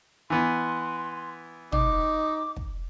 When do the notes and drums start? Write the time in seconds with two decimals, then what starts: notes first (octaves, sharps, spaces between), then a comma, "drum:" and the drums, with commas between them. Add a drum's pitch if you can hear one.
0.30 E3 B3 C6
1.72 D#4 D6, drum: tom
2.56 drum: kick